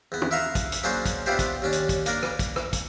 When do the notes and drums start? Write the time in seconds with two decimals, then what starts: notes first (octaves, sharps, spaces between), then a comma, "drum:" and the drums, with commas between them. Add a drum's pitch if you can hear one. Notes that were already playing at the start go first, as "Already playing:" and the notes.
0.12 E2 B3
0.22 drum: tom
0.31 E4 B4 E5 F5 A#5
0.55 drum: kick, hi-hat
0.72 drum: hi-hat
0.83 F#3 A#3 C#4 D4 G#4 C5
1.06 drum: kick, hi-hat
1.26 B3 D4 E4 F4 G4 C5
1.39 drum: kick, hi-hat
1.62 D#2 C#4 D4
1.72 drum: hi-hat
1.89 drum: kick, hi-hat
2.06 A#3 D4 A#4, drum: hi-hat
2.23 drum: rim click
2.39 drum: kick, hi-hat
2.56 drum: rim click
2.73 drum: kick, hi-hat